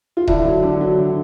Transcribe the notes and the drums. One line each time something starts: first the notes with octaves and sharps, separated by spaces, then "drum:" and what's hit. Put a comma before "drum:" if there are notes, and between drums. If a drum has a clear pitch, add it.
F4
D3 D4 E4, drum: kick D#1
F#3
D3
F#3
D3